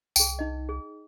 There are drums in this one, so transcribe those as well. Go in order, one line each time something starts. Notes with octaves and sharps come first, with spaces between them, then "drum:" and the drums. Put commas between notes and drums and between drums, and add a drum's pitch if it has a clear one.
C2 G#4 G5, drum: tambourine
D#4 D#5
G#4